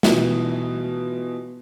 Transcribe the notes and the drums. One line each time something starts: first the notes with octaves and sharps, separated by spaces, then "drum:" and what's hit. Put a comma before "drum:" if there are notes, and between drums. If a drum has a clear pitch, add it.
B2 E3 F4, drum: snare